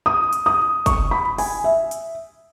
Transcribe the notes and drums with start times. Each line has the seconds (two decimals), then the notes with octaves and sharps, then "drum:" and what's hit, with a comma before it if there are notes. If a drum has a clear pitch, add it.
0.06 D#6
0.33 drum: hi-hat
0.46 D#6
0.86 C#6, drum: kick, hi-hat
1.11 B5
1.38 G#5, drum: open hi-hat
1.64 E5
1.91 drum: hi-hat